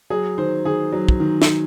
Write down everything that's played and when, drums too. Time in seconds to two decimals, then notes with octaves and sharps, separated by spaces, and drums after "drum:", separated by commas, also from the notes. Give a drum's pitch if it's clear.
0.10 F#3 G#4
0.38 D#3 C5
0.65 D#3 G#4
0.93 F#3
1.09 drum: kick
1.20 D#3
1.42 drum: snare